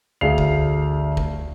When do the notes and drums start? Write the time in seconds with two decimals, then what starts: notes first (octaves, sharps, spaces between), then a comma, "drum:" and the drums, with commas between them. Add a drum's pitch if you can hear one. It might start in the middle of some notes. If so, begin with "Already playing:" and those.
0.21 D2 G#4 F5 C7 F7
0.38 drum: kick F#1
1.17 drum: kick F#1